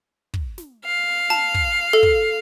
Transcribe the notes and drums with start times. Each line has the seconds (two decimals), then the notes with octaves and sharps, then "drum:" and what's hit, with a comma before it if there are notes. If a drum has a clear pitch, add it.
0.34 drum: kick
0.58 drum: snare
0.86 F5
1.30 A5, drum: snare
1.54 drum: kick
1.93 A4
2.03 drum: kick